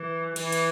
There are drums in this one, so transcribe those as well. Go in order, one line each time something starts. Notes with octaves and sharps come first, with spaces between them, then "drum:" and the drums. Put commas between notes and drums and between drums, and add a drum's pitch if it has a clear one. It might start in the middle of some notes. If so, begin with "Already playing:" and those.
Already playing: E3
E3, drum: cymbal
drum: cymbal